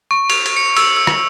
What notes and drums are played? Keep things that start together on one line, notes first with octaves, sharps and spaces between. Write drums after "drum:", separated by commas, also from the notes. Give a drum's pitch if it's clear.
C#6
F7, drum: cymbal
drum: cymbal
C#7
E6, drum: cymbal
E6
drum: rim click